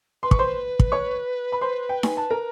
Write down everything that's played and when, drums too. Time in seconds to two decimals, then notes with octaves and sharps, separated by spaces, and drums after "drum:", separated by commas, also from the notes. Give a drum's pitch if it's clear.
0.23 B4 C6
0.31 C#6, drum: kick
0.39 C5 C6
0.79 drum: kick
0.92 C#5 C#6
1.52 B5
1.61 C5 C6
1.89 G5
2.03 G#5, drum: snare D#4
2.17 A5
2.30 A#4 A#5